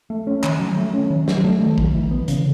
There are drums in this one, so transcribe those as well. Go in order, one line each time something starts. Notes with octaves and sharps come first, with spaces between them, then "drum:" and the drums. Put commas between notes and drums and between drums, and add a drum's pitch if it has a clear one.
A3
C#4
D#3, drum: clap
F#3
A3
C#4
D#3
F#3, drum: snare
A3
D#3
D#3, drum: kick A1
E3
B3
C#3, drum: hi-hat